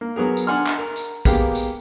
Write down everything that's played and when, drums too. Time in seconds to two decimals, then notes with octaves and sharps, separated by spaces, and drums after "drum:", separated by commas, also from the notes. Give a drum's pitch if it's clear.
0.01 A#3
0.16 F#3 B3 G#4 A#4
0.37 drum: tambourine
0.47 D4 F#5 G#5 C6 F6
0.66 drum: clap
0.78 A#4
0.96 drum: tambourine
1.25 G#3 A#3 B3 G4 F5, drum: kick, tambourine
1.55 drum: tambourine